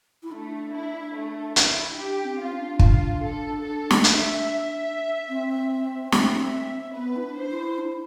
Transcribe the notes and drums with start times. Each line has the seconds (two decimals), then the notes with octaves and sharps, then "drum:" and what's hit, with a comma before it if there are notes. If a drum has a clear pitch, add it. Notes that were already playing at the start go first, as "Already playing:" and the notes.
0.23 E4
0.31 A3 D4
0.73 E4
1.15 A3
1.56 E4, drum: hi-hat
1.96 D4 G4
2.24 C4
2.38 C4 F4
2.52 D4
2.79 D4 F4, drum: kick
3.22 A4
3.63 A4
3.91 drum: snare
4.04 E5, drum: hi-hat
5.29 C4
6.12 E5, drum: snare
6.95 B3 B4
7.16 E4
7.23 D4
7.37 C5
7.51 E4
7.78 D4
7.86 E4